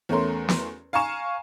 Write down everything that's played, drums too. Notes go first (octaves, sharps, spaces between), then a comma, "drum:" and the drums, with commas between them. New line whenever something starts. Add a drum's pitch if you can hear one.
E2 A3 C#4 A#4 C6
drum: snare
F5 G#5 A#5 C#6 E7